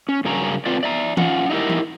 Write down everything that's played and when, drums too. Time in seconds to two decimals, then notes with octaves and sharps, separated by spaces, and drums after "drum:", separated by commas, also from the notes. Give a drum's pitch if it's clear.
0.09 C#4
0.25 G2 C#3 F#3 C#4 A#4 A#5
0.66 C4 F4 B4 D5
0.83 D5 E5 A#5
1.17 C#4 F4 F#5, drum: tom E3
1.50 D#4 E4 G4 A#4
1.70 drum: tom E3